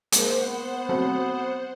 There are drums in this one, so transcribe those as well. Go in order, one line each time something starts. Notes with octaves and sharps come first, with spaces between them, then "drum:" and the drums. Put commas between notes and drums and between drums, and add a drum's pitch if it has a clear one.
G#3 A#3 C5 F#5, drum: hi-hat
B3
F#3 A3 C4